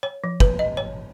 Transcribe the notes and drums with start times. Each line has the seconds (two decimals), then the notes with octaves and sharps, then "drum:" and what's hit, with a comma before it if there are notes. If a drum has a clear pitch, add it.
0.03 C#5
0.24 F3
0.40 B4, drum: kick
0.59 D#5
0.77 C#5